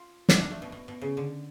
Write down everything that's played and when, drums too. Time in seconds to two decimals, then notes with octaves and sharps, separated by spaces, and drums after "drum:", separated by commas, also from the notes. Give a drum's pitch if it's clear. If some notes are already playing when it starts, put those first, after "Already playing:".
Already playing: F4
0.29 D4, drum: snare
0.40 D4
0.51 A3
0.62 B2
0.72 B2
0.88 B2
1.02 C#3
1.17 D3